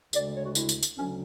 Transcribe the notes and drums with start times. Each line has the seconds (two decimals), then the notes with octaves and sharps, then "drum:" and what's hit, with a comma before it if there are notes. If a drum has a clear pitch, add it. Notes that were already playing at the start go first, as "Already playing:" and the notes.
0.13 D2 C#3 G#3 D5, drum: tambourine
0.35 C#5
0.45 F#4
0.55 E4, drum: tambourine
0.69 drum: tambourine
0.83 drum: tambourine
0.96 D2 C#3 F#3 C#4